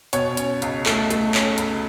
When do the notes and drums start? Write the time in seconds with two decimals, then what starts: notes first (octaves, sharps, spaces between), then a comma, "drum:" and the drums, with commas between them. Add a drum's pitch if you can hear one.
0.13 B2 C#5, drum: hi-hat
0.37 C#4, drum: hi-hat
0.62 C#2, drum: hi-hat
0.86 A3, drum: clap
1.10 A3, drum: hi-hat
1.34 C#4, drum: clap
1.58 C#2, drum: hi-hat